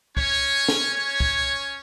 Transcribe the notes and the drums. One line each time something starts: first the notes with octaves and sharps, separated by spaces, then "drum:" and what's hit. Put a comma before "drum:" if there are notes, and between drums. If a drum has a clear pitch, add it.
C#4 C#5, drum: kick C#2
drum: snare
C#4 C#5
drum: kick C#2